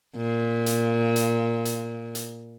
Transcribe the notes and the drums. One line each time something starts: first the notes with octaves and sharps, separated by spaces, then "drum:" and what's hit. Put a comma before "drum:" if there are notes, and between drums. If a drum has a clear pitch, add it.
A#2
drum: hi-hat
drum: hi-hat
drum: hi-hat
drum: hi-hat